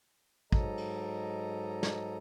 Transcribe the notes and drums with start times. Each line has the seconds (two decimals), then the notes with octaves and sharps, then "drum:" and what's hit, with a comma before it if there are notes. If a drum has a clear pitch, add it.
0.52 G#2 F#3 A4 D#5 A#5, drum: kick
0.78 drum: cymbal
1.83 drum: snare